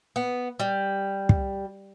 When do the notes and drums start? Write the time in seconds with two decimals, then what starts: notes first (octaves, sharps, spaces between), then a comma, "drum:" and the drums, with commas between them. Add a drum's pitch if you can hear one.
0.16 B3
0.60 G3
1.29 drum: kick